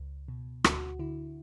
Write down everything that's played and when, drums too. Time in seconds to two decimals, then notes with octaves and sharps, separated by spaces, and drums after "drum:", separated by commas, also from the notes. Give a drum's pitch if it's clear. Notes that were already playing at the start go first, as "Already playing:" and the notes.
Already playing: C#2
0.28 B2
0.64 D2 F#4, drum: rim click
0.99 D3 E4